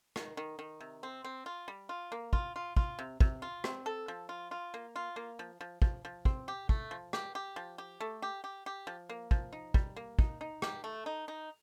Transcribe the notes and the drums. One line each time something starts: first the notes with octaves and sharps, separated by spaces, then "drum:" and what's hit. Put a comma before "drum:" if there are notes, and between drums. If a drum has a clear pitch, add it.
D#3, drum: rim click
D#3
D#3
C3
C4
C4
F4
G3
F4
A#3
F4, drum: kick
F4
F4, drum: kick
C3
C3, drum: kick
F4
C4, drum: rim click
A4
F3
F4
F4
A#3
F4
A#3
F3
F3
F3, drum: kick
F3
C4, drum: kick
G4
A3, drum: kick
F3
G4, drum: rim click
G4
F3
G4
A3
G4
G4
G4
F3
A#3
F3, drum: kick
D#4
G3, drum: kick
A#3
D#4, drum: kick
D#4
G4, drum: rim click
A3
D#4
D#4